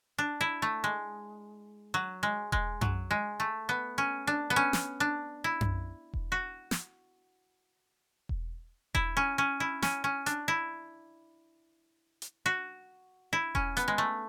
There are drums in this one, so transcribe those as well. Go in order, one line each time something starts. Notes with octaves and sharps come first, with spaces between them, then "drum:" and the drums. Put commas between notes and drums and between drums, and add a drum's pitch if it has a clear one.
D4
E4
A3
G#3
F#3
G#3
G#3, drum: kick E1
F#3, drum: tom F#2
G#3
A3
B3
C#4
D4
B3
C#4
drum: snare
D4
E4
drum: tom F#2
drum: kick E1
F#4
drum: snare
drum: kick E1
E4, drum: kick E1
C#4
C#4
E4
C#4, drum: snare
C#4
D4, drum: hi-hat
E4
drum: hi-hat
F#4
E4
C#4, drum: kick E1
B3, drum: hi-hat
G#3
A3